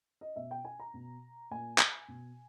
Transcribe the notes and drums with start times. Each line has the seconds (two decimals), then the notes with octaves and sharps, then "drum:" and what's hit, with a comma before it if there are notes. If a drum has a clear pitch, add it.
0.21 D#5
0.36 B2 E5
0.51 G5
0.65 G#5
0.80 A#5
0.94 B2
1.51 A#2 G#5
1.78 drum: clap
2.08 B2